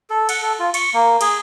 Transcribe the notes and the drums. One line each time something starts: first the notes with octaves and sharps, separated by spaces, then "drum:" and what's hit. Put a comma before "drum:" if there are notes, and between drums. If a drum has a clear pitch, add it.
A4
F#5, drum: cymbal
A4
F4
C#6, drum: cymbal
A#3
G#4, drum: cymbal